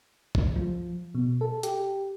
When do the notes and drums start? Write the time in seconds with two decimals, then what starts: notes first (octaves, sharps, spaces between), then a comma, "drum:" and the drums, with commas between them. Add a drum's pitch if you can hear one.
0.35 drum: kick
0.56 F3
1.15 B2
1.41 A4
1.63 G4, drum: hi-hat